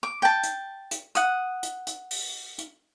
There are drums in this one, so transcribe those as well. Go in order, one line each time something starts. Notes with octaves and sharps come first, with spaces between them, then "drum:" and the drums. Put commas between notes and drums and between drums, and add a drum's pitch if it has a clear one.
D6
G5 A5
drum: hi-hat
drum: hi-hat
F#5 D#6, drum: hi-hat
drum: hi-hat
drum: hi-hat
drum: open hi-hat
drum: hi-hat